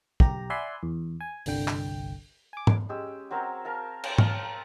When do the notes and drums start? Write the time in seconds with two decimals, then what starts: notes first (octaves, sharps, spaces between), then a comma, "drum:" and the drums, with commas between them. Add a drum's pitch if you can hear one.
0.20 B1 G4 A#5, drum: kick
0.50 D5 E5 F#5 G#5 B5 C6
0.83 E2
1.21 G#5
1.46 G1 C2 D3 G5, drum: open hi-hat
1.68 drum: clap
2.53 G#5 D6
2.67 drum: tom G#2
2.89 G#3 C#4 G4 E6
3.31 F#3 C4 A#4 C#5
3.65 A#4 F5 A5
4.04 drum: cymbal
4.18 F5, drum: tom G#2
4.43 A#5